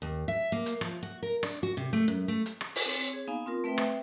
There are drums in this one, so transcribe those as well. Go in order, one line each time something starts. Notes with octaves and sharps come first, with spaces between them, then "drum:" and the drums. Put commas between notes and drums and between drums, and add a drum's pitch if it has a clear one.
D#2
E5
A#3
drum: hi-hat
F3, drum: rim click
F#4
A#4
D4, drum: rim click
F#4
C3
A3
F#2
A3
drum: hi-hat
drum: rim click
drum: open hi-hat
C4 C#5
G#4
A#3 B3 D#4 F5 G#5
C4 F4 A#4
A3 C4 B4 E5 G5
C5 E5 G5, drum: rim click